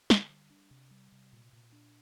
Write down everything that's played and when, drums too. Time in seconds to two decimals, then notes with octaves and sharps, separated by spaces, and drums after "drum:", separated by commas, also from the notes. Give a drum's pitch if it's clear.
0.10 D3, drum: snare
0.29 G3
0.50 D4
0.71 C3
0.91 G3
1.12 C3
1.33 A#2
1.53 A#2
1.72 D4